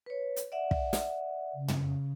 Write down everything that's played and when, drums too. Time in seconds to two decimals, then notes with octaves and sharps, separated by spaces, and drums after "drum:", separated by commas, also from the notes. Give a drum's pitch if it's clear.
0.06 B4 C#5
0.36 drum: hi-hat
0.52 D5 E5 F#5
0.71 drum: kick
0.93 drum: snare
1.54 C#3
1.68 drum: tom